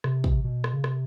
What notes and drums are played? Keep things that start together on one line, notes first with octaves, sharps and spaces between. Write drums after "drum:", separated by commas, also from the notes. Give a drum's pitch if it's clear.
C3, drum: rim click
drum: kick
B2
drum: rim click
C#3
C3, drum: rim click